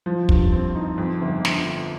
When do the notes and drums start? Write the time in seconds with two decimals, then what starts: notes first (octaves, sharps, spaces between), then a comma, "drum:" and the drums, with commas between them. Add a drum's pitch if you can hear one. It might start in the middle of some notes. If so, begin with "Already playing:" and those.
0.06 F3
0.29 G2, drum: kick
0.52 C4
0.75 D#4
0.98 F2
1.22 G1
1.45 D3, drum: snare